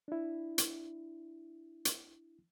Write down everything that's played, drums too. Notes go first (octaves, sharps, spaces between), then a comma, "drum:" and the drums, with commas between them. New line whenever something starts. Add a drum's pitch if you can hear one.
D4 E4
drum: hi-hat
drum: hi-hat